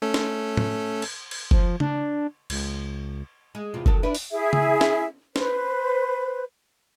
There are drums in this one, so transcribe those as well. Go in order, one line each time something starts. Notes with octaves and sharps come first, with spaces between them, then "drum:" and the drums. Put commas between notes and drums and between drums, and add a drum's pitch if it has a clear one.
A3 C#4 A4
drum: snare
drum: tom A2
drum: cymbal
drum: cymbal
F3, drum: kick
D4, drum: tom C#3
C#2, drum: cymbal
G#3
E2 C3 F4
D#3 F#3 A4, drum: kick
D4 E4 B4
drum: open hi-hat
E4 G#4 E5
drum: tom C#3
drum: snare
B4 C5, drum: snare